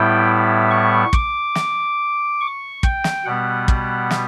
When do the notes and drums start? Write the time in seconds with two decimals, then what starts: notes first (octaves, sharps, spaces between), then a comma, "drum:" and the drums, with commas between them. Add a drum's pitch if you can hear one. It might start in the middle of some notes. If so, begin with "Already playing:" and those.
Already playing: A2 G3 B3 E4 G5
0.70 C#6
1.13 D6, drum: kick
1.55 drum: snare
2.41 C#6
2.83 G5, drum: kick
3.04 drum: snare
3.25 B2 G3 B3 F#5
3.68 drum: kick
4.11 drum: snare